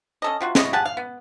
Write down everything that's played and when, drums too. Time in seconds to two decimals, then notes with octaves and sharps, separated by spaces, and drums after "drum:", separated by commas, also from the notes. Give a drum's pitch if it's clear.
0.22 C#4 A4 D#5
0.41 C3 F4 F#4
0.55 B2 E4 D#5 C#6, drum: snare
0.73 G4 G#4 F#5 A5
0.85 F5
0.97 B3